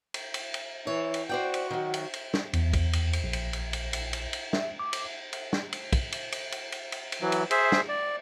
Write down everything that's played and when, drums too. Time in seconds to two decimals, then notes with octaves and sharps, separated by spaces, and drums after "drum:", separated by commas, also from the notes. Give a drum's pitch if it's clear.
0.14 drum: cymbal
0.34 drum: cymbal
0.54 drum: cymbal
0.87 E3 C#5
1.14 drum: cymbal
1.29 F#4 C5 D5 G5
1.54 drum: cymbal
1.71 D#3 F#3
1.94 drum: cymbal
2.14 drum: cymbal
2.33 drum: snare
2.53 E2, drum: cymbal
2.73 drum: kick, cymbal
2.93 drum: cymbal
3.13 drum: cymbal
3.24 A#1
3.33 drum: cymbal
3.53 drum: cymbal
3.73 drum: cymbal
3.93 drum: cymbal
4.13 drum: cymbal
4.33 drum: cymbal
4.53 E5, drum: snare
4.80 D6
4.93 drum: cymbal
5.33 drum: cymbal
5.53 drum: snare
5.73 drum: cymbal
5.92 drum: kick, cymbal
6.12 drum: cymbal
6.32 drum: cymbal
6.52 drum: cymbal
6.72 drum: cymbal
6.92 drum: cymbal
7.12 drum: cymbal
7.22 E3 F#3
7.32 drum: cymbal
7.51 G#4 C5 E5, drum: cymbal
7.72 drum: snare
7.89 D5